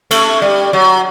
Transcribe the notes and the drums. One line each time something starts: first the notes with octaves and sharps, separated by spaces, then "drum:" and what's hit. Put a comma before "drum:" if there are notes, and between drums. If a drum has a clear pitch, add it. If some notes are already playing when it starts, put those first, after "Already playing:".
A3, drum: cymbal
G3
F#3